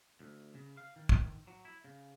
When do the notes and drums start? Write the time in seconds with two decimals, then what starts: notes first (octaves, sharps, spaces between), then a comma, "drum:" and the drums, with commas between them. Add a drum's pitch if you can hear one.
0.20 D2
0.55 C#3
0.77 F5
0.96 D#3
1.09 drum: kick
1.47 F#3
1.65 E4
1.84 C#3